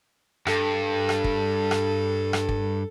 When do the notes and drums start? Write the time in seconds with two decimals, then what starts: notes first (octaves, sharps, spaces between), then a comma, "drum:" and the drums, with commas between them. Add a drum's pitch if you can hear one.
0.47 G2 A4, drum: rim click
1.09 drum: rim click
1.24 drum: kick
1.71 drum: rim click
2.33 drum: rim click
2.49 drum: kick